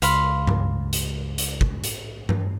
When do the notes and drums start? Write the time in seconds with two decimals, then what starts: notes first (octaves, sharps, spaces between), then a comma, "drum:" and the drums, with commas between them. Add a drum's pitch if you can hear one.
0.02 C#2 F5 B5 C6, drum: hi-hat
0.47 drum: tom G2
0.93 drum: hi-hat
1.38 drum: hi-hat
1.61 drum: kick
1.84 drum: hi-hat
2.29 drum: tom G2